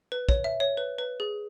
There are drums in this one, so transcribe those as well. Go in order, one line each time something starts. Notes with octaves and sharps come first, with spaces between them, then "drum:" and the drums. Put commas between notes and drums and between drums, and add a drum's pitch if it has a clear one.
B4
C#5, drum: kick
E5
C#5
B4
B4
G#4